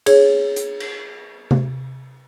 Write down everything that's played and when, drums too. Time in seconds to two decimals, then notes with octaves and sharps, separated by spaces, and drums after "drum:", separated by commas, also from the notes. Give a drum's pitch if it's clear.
0.06 G#4 C#5, drum: cymbal
0.56 drum: hi-hat
0.80 drum: cymbal
1.51 drum: tom C3